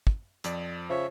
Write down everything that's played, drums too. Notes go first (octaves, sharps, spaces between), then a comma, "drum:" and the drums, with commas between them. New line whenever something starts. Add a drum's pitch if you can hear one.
drum: kick
F2 F3 D5, drum: hi-hat
C#3 F3 C#5 E5